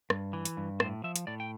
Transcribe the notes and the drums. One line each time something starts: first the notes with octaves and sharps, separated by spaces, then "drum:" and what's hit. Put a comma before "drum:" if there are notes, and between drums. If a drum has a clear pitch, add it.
G2, drum: rim click
E3
drum: hi-hat
G2
A2 C5, drum: rim click
F3 E5
drum: hi-hat
A2 D5
G5